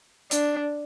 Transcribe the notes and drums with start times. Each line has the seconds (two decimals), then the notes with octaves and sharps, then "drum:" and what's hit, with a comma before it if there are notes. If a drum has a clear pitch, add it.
0.31 D4, drum: hi-hat